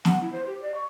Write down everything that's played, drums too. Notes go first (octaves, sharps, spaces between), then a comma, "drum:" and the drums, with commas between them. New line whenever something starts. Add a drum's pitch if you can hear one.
F#5, drum: snare
E4
C5
G4
D5
C#6